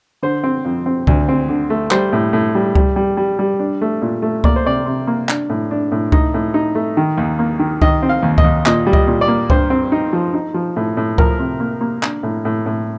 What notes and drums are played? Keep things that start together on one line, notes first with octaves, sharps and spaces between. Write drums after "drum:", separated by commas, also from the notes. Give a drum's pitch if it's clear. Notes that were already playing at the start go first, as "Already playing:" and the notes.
D3 C5
C4
F2
C4
D2, drum: kick C#2
C4
D3
A3
G3 C5, drum: clap
A2
A2
G3
G3, drum: kick C#2
G3
G3
G3
D4
A3
A#2
A3
A#3 D5, drum: kick C#2
C5
C3 D5
C3
A#3
D4, drum: clap
A2
D4
A2
D#4 D#5, drum: kick C#2
A2
D#4
A3
D#3
D#2
A#3
D#3
D#3 D#5, drum: kick C#2
C4
F5
D#2
D#5, drum: kick C#2
D#2
A#2 D#5, drum: clap
G3
D#5, drum: kick C#2
A#2
D5
A#3
G2 C5, drum: kick C#2
C4
D#4
F3
D#4
F3
A2
A2
F3 A#4, drum: kick C#2
C3
A#3
A#3
D4, drum: clap
A2
A2
A2